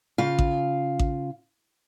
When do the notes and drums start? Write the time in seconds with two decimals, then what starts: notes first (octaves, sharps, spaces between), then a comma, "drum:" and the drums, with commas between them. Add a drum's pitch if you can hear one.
0.18 C#3 F4 F5
0.39 drum: kick A1
0.99 drum: kick A1